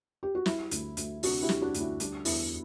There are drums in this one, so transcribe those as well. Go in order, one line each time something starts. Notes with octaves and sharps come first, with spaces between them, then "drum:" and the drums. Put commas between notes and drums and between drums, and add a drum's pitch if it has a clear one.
G4
F#4
G3 E4, drum: snare
D2, drum: hi-hat
D2, drum: hi-hat
C3 D4 F#4, drum: open hi-hat
E4 G4
G3, drum: snare
D4 F#4
D2, drum: hi-hat
E4
G3 D4, drum: hi-hat
E2 E4, drum: open hi-hat